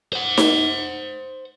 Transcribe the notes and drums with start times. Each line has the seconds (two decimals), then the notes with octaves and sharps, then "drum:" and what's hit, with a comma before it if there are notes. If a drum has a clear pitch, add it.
0.13 C5 F#5
0.37 drum: snare D#4